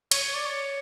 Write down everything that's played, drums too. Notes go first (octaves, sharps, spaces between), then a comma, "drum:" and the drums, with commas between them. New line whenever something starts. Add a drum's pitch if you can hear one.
C#5, drum: cymbal
C#5
D5
C#5